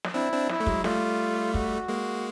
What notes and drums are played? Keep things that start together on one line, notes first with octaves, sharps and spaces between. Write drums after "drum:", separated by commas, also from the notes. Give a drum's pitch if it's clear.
drum: snare
C4 D4 E4
C4 D4
E4, drum: snare
A3
F#3 G#3, drum: kick
G3 A3 F4, drum: snare
F#4, drum: kick
G#3 A#3